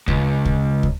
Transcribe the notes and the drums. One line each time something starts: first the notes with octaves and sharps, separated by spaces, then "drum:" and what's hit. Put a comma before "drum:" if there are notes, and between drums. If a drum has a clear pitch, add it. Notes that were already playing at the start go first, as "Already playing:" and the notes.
C#2, drum: kick
drum: kick
drum: kick